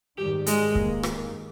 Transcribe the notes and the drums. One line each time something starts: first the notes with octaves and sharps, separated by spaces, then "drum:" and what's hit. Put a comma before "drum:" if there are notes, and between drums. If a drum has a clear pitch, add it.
G#2 D#3 G3 G4
G#3, drum: hi-hat
G2 D#3 A#3, drum: kick C#1
drum: rim click